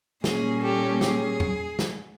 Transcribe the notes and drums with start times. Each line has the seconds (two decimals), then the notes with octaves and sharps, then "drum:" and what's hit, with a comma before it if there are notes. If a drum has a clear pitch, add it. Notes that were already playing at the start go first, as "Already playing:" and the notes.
0.24 A#2 G3 A#3 C#4 G#4, drum: snare
0.63 G4 A4
1.01 G#4, drum: snare
1.40 drum: tom E2
1.79 drum: snare